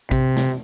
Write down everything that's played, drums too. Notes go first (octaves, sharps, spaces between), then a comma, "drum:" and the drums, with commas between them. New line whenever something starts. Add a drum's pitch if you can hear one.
C3, drum: kick A1, hi-hat
drum: snare